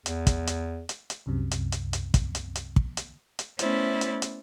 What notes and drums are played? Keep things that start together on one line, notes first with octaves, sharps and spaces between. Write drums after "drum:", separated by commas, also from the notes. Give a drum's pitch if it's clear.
E2, drum: hi-hat
drum: kick, hi-hat
drum: hi-hat
drum: hi-hat
drum: hi-hat
C2 F#2 C3
drum: hi-hat
drum: hi-hat
drum: hi-hat
drum: kick, hi-hat
drum: hi-hat
drum: hi-hat
drum: kick
drum: hi-hat
drum: hi-hat
A3 B3 C#4 E4 C5 D5, drum: hi-hat
drum: hi-hat
drum: hi-hat